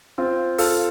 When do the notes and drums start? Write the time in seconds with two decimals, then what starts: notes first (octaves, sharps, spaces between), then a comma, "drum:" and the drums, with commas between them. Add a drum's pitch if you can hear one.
0.18 C4 F4
0.58 F4 A4, drum: open hi-hat